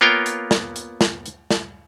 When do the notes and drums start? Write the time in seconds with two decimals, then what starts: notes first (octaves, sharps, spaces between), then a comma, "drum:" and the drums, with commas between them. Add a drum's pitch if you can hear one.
0.01 A#3 B3 F4 A#4 C#5 G5
0.26 drum: hi-hat
0.51 drum: snare
0.76 drum: hi-hat
1.01 drum: snare
1.26 drum: hi-hat
1.51 drum: snare